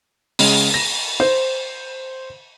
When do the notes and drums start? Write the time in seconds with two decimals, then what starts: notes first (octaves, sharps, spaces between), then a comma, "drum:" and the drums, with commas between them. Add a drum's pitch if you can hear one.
0.39 C#3 G#3, drum: open hi-hat
0.74 A#6
1.20 C5